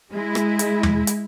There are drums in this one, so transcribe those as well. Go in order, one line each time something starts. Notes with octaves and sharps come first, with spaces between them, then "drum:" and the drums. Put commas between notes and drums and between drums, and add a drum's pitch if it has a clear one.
G#3 E4
drum: rim click
drum: hi-hat
drum: tom
drum: hi-hat